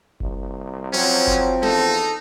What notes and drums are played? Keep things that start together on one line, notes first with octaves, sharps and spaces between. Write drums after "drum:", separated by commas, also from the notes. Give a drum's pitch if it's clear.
C2, drum: kick F#1
F3 F#3 C4 C#4
drum: kick F#1
E2 D#4 A4, drum: snare